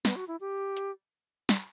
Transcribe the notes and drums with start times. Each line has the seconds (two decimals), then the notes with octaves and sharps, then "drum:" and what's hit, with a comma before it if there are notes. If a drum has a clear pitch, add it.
0.05 B3, drum: snare
0.16 F#4
0.28 E4
0.41 G4
0.77 drum: hi-hat
1.49 drum: snare